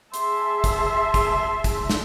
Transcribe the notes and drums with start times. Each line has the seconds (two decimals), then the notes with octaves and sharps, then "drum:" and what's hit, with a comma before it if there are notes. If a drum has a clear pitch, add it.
0.14 G#4 E5 A5 C6, drum: hi-hat
0.64 drum: kick, hi-hat
1.14 drum: kick, hi-hat
1.64 drum: kick, hi-hat
1.89 drum: snare